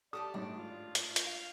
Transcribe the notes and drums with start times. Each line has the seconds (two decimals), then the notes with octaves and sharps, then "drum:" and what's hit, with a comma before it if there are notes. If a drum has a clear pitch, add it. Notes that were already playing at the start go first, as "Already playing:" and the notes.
0.13 A3 G4 A4 D5 D#6
0.34 G#1 A2 D4
0.57 F4
0.95 drum: hi-hat
1.16 drum: hi-hat
1.27 F5